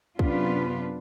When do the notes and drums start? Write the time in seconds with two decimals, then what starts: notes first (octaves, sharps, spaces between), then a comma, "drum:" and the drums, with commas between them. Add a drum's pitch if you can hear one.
0.19 F#2 C3 B3 D4 F4 B4, drum: kick